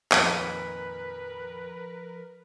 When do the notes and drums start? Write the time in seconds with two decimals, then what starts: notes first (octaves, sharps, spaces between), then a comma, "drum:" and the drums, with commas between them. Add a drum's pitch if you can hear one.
0.12 F2 A#2 D#3 F3 A#4 B4, drum: clap